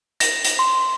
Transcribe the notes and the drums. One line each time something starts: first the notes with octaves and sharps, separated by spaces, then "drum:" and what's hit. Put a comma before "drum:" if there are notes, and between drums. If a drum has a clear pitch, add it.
A#6, drum: hi-hat
drum: hi-hat
C6